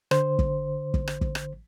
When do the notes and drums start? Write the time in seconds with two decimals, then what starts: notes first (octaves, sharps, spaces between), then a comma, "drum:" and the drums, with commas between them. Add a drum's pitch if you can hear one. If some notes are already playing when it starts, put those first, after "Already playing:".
0.11 D3 C5, drum: rim click
0.39 drum: kick
0.94 drum: kick
1.08 drum: rim click
1.21 drum: kick
1.35 drum: rim click